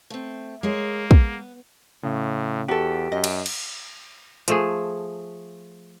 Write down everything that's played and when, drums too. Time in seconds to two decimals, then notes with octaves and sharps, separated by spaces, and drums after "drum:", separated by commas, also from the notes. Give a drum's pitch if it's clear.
0.10 A3 C4
0.63 G#3 A#3 G#4 A#4 C#5
1.11 B3, drum: kick
2.04 A2 C#3
2.68 E2 F#4 G4 A4
3.12 F#2 D#5
3.24 drum: cymbal
3.46 drum: cymbal
4.48 F3 A3 G#4, drum: hi-hat